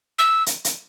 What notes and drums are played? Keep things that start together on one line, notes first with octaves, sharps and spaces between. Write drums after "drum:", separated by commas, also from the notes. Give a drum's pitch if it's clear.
E6
drum: hi-hat
drum: hi-hat